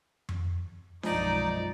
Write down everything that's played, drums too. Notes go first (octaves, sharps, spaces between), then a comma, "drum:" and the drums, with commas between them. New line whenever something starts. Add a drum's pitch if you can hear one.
drum: tom F2
B1 F#2 F3 G#3 D#4 D5 D#5, drum: snare D4